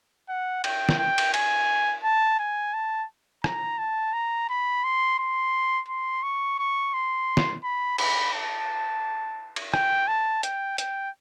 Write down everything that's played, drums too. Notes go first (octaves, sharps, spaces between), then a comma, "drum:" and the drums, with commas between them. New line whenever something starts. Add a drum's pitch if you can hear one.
F#5
G5, drum: cymbal
drum: snare
G5
drum: cymbal
G#5, drum: cymbal
A5
G#5
A5
A#5, drum: rim click
A5
A#5
B5
C6
C6
C6
C#6
C#6
C6
drum: snare
B5
B5, drum: cymbal
A5
drum: cymbal
G5, drum: rim click
A5
G5, drum: hi-hat
G5, drum: hi-hat